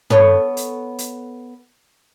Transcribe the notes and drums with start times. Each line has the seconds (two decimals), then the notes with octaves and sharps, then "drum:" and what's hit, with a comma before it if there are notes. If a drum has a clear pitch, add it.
0.10 B3 A4 C#5, drum: tom
0.57 drum: hi-hat
0.98 drum: hi-hat